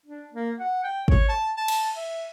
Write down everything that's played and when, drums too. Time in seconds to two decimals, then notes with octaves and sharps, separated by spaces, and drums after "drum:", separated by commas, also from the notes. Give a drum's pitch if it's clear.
0.06 D4
0.33 A#3
0.59 F#5
0.84 G5
1.08 C#5, drum: kick
1.29 A5
1.57 A5
1.68 drum: cymbal
1.97 E5